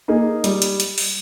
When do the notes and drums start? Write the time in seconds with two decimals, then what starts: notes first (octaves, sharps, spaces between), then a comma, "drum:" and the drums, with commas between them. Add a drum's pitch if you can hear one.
0.08 A#3 D#4 G#4
0.44 G3, drum: hi-hat
0.62 drum: hi-hat
0.80 drum: hi-hat
0.98 drum: open hi-hat